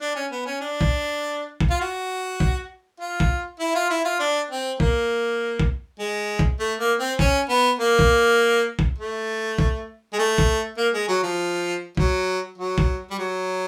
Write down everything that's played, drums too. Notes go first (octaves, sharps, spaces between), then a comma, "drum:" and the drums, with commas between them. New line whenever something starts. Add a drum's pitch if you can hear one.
D4
C#4
B3
C#4
D4
drum: kick
drum: kick
F4
F#4
drum: kick
F4
drum: kick
E4
F4
E4
F4
D4
C4
A#3, drum: kick
drum: kick
G#3
drum: kick
A3
A#3
C4
C#4, drum: kick
B3
A#3
drum: kick
drum: kick
A3
drum: kick
G#3
A3
drum: kick
A#3
G#3
F#3
F3
F#3, drum: kick
F#3
drum: kick
G3
F#3